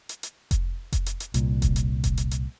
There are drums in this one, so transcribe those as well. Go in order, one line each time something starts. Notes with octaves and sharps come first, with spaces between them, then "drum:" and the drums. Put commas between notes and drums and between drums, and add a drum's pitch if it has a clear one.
drum: hi-hat
drum: hi-hat
drum: kick F1, hi-hat
drum: kick F1, hi-hat
drum: hi-hat
drum: hi-hat
C2 A#2, drum: hi-hat
drum: kick F1, hi-hat
drum: hi-hat
drum: kick F1, hi-hat
drum: hi-hat
drum: hi-hat